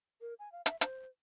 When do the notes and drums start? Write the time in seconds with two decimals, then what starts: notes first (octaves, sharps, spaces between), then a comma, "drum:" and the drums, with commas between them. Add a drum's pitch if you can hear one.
0.21 A#4
0.39 G#5
0.52 F5
0.66 E5, drum: hi-hat
0.81 C5, drum: hi-hat